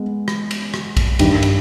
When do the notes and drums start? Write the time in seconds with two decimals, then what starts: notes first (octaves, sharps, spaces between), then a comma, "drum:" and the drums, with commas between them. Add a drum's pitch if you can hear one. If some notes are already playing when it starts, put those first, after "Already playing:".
Already playing: G#3 B3
0.28 drum: rim click
0.51 drum: cymbal
0.74 drum: rim click
0.97 drum: kick A#1, cymbal
1.19 G2 D#3 G3, drum: cymbal
1.43 drum: cymbal